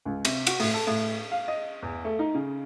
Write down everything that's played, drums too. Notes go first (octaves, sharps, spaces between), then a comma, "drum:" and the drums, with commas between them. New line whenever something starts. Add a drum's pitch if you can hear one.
C#2
C3, drum: cymbal
F#4, drum: cymbal
A2, drum: open hi-hat
A4
A2
F5
D#5
E2
A3
D#4
C#3